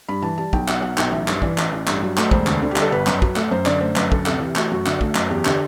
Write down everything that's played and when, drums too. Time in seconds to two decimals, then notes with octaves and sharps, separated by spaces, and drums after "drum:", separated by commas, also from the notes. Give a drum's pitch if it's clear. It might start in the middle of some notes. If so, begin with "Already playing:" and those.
0.09 G2 B5
0.22 E3 A5
0.38 G3 A5
0.53 B1 G5, drum: kick
0.68 B2 F#5, drum: clap
0.82 F#3 F#5
0.98 B1 G5, drum: clap
1.12 A1 E5
1.28 G2, drum: clap
1.42 E3 D5, drum: kick
1.58 A1, drum: clap
1.73 A1
1.87 G2, drum: clap
2.03 F#3
2.17 A3, drum: clap
2.31 E1 C5, drum: kick
2.47 D2, drum: clap
2.62 D3
2.71 G4
2.76 G3, drum: clap
2.82 A4
2.91 G1 B4
3.07 F#2, drum: clap
3.22 F#3, drum: kick
3.36 A3, drum: clap
3.51 F#2 C5
3.66 D3 D5, drum: clap
3.81 A3 C5
3.96 F#2 B4, drum: clap
4.12 D2 A4, drum: kick
4.26 C3 A4, drum: clap
4.40 E3 G4
4.56 A3 F#4, drum: clap
4.71 F#2 F#4
4.86 D3, drum: clap
5.01 A3, drum: kick
5.15 F#2, drum: clap
5.30 E2 G4
5.45 D3 G4, drum: clap